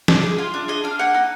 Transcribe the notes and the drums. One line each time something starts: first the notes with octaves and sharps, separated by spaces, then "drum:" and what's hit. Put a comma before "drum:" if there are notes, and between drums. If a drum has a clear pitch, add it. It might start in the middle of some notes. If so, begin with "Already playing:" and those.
D4, drum: snare
G#4
F4
D4
G#4 D#5
D4 F5
A#3 F#5
D#4